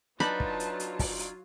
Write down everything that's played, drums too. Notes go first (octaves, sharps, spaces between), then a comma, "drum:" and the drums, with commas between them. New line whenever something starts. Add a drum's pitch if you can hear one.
F#3 D4 D#4 F4 B4 A5 B5, drum: rim click
drum: kick
drum: hi-hat
drum: hi-hat
drum: kick, open hi-hat
drum: hi-hat